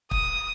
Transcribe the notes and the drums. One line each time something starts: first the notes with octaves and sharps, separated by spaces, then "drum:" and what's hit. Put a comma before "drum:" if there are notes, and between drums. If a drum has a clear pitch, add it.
D#6, drum: kick